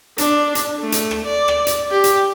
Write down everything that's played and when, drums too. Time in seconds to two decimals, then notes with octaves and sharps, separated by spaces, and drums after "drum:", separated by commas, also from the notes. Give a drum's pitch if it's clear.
0.18 D4, drum: hi-hat
0.55 drum: hi-hat
0.80 A3
0.92 drum: hi-hat
1.11 drum: rim click
1.26 D5
1.48 drum: rim click
1.67 drum: hi-hat
1.91 G4
2.04 drum: hi-hat